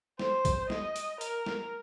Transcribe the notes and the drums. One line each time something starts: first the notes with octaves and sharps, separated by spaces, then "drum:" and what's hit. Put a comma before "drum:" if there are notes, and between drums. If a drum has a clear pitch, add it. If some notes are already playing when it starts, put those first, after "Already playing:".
C5, drum: snare
drum: kick, hi-hat
D#5, drum: snare
drum: hi-hat
A#4, drum: hi-hat
drum: snare